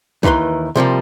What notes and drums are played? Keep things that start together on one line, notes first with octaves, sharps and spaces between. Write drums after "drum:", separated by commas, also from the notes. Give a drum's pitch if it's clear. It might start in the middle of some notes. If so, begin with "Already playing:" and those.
D#2 D#3 E3 B4 C6, drum: kick
C3 F3 G3 A#3